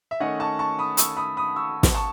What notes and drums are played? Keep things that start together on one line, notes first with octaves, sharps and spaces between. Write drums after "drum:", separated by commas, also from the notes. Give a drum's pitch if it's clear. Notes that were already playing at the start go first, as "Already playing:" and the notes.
E5
D#3 A3 C#4 D#5 F#5
A5 C#6
A5 C#6
B5 D#6
C#6 E6, drum: hi-hat
B5 D#6
B5 D#6
C#6 E6
drum: snare
A5 C#6